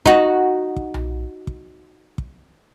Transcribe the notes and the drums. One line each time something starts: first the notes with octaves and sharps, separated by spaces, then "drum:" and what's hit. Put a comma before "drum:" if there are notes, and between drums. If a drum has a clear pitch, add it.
D#4 F#4, drum: kick
drum: kick
drum: tom B1
drum: kick
drum: kick